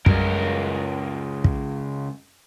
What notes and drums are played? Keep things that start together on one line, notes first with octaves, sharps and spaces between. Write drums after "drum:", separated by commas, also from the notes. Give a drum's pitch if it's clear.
C#2 F#2 G3 A#4, drum: kick
drum: kick